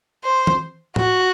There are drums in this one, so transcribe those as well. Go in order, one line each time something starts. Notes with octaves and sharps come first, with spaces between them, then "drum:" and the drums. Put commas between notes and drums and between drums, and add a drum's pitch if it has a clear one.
C5
drum: tom E3
F#4, drum: tom A2